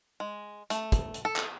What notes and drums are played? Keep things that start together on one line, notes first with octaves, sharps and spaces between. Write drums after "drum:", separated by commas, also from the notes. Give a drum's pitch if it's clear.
G#3
A3, drum: hi-hat
drum: kick, hi-hat
drum: hi-hat
A4
drum: clap